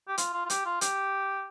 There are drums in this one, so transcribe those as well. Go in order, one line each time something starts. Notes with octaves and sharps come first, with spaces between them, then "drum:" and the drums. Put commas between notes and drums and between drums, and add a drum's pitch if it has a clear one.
G4
F4, drum: hi-hat
F4
F4
G4, drum: hi-hat
F4
G4, drum: hi-hat